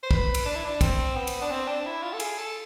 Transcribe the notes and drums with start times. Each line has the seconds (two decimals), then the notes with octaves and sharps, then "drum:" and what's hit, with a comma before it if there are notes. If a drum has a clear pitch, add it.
0.03 C5
0.11 B4, drum: kick
0.34 drum: cymbal
0.45 D4
0.55 E4
0.64 D4
0.81 C4, drum: kick, cymbal
1.15 B3
1.27 drum: cymbal
1.41 D4
1.51 C4
1.68 D4
1.86 E4
2.03 F4
2.13 A4
2.20 G#4, drum: cymbal
2.38 A4